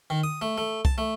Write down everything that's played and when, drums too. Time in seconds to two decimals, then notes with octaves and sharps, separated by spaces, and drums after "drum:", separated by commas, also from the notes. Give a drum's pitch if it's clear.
0.10 D#3
0.23 D#6
0.41 A3
0.58 A3
0.85 A5, drum: kick C2
0.98 A3